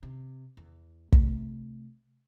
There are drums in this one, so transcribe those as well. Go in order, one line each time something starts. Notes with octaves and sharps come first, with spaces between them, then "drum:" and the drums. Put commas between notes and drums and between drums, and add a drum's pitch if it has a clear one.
C3
E2
C3 A3, drum: kick